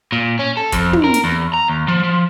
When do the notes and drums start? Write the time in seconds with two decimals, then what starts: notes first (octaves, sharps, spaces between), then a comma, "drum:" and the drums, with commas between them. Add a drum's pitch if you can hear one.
0.12 A#2
0.39 C#4
0.57 A4
0.72 F2, drum: kick, hi-hat
0.93 drum: tom
1.04 A#4
1.14 drum: hi-hat
1.24 E2
1.54 A#5
1.68 D#2
1.88 F3
2.03 F3